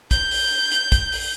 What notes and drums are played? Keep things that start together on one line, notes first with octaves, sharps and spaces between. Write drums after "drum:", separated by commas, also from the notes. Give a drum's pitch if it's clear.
G6, drum: kick, hi-hat
drum: open hi-hat
drum: hi-hat
drum: kick, hi-hat
drum: open hi-hat